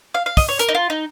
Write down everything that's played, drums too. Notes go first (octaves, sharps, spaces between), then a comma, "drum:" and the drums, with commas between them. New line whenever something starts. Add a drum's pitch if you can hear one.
F5
F5
D#5, drum: kick, open hi-hat
C#5
A#4, drum: hi-hat
D#4
F4
D#4